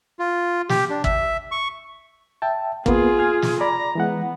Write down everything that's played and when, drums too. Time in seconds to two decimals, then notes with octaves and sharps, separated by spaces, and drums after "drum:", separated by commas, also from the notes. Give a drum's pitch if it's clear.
0.19 F4
0.69 G4, drum: snare
0.90 D4
1.04 E5, drum: kick
1.51 C#6
2.42 E5 G5 A5
2.86 A#3 B3 F4 G#4, drum: kick
3.18 G#5 F6 G#6
3.42 drum: snare
3.61 D5 A#5 B5
3.95 E3 G#3 B3 F#5